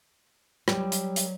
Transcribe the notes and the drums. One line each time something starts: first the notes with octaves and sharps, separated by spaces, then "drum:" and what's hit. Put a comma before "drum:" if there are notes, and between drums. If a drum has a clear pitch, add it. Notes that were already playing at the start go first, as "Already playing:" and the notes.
F#3 G3, drum: rim click
drum: hi-hat
drum: hi-hat